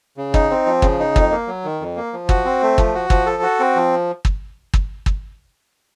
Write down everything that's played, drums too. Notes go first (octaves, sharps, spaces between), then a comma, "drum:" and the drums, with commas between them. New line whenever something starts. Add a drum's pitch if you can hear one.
C#3
D#4, drum: kick
C4
F3
C#3, drum: kick
D#4
F2, drum: kick
A#3
F#3
D#3
F2
A#3
F3
F#4, drum: kick
C4
A3
F3, drum: kick
F#4
F3, drum: kick
A4
F#4
C4
F3
drum: kick
drum: kick
drum: kick